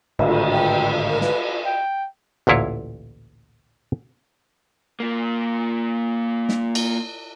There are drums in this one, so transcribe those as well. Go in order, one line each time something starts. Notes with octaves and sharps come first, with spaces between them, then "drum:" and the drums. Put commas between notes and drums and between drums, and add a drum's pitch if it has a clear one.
G#1 A2 D3, drum: cymbal
G5
A#4
B4, drum: snare
G5
A1 D2 A#2 E4 F4 C#5
A#2 A#3
drum: snare
drum: cymbal